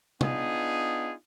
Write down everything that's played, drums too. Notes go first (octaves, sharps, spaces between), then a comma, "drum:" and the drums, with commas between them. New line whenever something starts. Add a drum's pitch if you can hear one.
B3 D4 D#4 F4 G#4, drum: tom